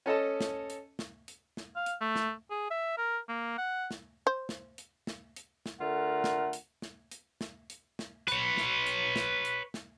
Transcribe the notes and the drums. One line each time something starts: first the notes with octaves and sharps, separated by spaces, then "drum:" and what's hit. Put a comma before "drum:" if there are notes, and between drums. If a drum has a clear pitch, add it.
C#4 A4 D#5 A5
drum: snare
drum: hi-hat
drum: snare
drum: hi-hat
drum: snare
F5
drum: hi-hat
A3
drum: snare
G#4
E5
A#4
A#3
F#5
drum: snare
C5
drum: snare
drum: hi-hat
drum: snare
drum: hi-hat
drum: snare
D3 A3 F4 A#4 F#5
drum: snare
drum: hi-hat
drum: snare
drum: hi-hat
drum: snare
drum: hi-hat
drum: snare
B4 C#5, drum: hi-hat
drum: snare
drum: hi-hat
drum: snare
drum: hi-hat
drum: snare